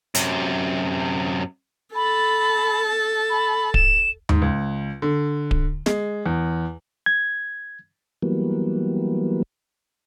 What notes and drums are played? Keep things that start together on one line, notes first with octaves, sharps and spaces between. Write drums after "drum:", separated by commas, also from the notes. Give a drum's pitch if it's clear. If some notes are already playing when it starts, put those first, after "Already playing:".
F#2 C3, drum: hi-hat
A4 A5 B5
B5
E7, drum: kick D1
G#2, drum: tom D#2
C#2
D3
drum: kick D1
G#3, drum: snare
E2
G#6
E3 F#3 G3 A#3 B3